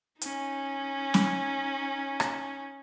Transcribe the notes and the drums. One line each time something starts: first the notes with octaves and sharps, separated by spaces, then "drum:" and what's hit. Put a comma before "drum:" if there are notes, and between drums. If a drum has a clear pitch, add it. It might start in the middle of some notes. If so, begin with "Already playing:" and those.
C#4 D#4, drum: hi-hat
drum: snare
drum: rim click